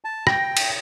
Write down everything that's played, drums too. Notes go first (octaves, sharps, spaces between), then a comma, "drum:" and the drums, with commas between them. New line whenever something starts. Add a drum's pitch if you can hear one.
A5
G5 A#6, drum: rim click
drum: cymbal